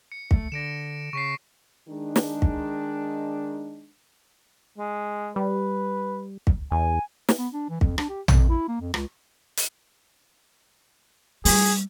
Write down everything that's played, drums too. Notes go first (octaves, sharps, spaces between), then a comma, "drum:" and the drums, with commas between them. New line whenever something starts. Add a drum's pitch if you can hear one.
C#7
A3, drum: kick
D3 A#6 D7 E7
C#3 C#6 B6 C7
D#3 G#3 D4
drum: snare
drum: kick
G#3
G3 B4
drum: kick
E2 G#5
drum: snare
B3
D4
E3
F2, drum: kick
D4, drum: rim click
G4
F2, drum: tom A#1
E4
A#3
F2
C#2, drum: rim click
drum: hi-hat
G3 A3 G#4, drum: open hi-hat